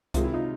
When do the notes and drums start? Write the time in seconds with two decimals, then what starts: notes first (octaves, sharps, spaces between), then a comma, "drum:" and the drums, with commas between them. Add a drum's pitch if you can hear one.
0.14 C3 D#3 G#3 F4, drum: kick C2, hi-hat
0.24 E4
0.33 D#4 F4